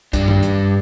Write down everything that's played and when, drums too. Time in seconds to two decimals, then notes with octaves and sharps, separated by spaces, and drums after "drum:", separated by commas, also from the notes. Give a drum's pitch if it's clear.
0.13 G2 D4, drum: kick, hi-hat
0.28 drum: tom F#2
0.43 drum: hi-hat